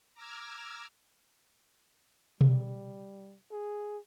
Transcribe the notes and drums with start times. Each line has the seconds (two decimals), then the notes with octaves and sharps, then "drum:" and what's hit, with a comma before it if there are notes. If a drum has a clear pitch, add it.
0.14 A#5 D6 E6 F6 G#6
2.41 G3, drum: tom B2
3.52 G#4